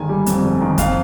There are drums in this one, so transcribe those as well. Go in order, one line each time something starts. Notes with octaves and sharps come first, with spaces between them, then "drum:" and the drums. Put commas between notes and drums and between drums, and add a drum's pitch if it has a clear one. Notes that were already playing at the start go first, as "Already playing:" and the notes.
Already playing: G1 D#3 G#3 G#5
G3
F2, drum: hi-hat
G1
D#3
F2 F5, drum: kick, hi-hat